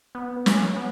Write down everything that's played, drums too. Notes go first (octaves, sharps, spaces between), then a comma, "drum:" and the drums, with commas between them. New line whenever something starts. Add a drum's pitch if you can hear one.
B3
C#4, drum: snare
B3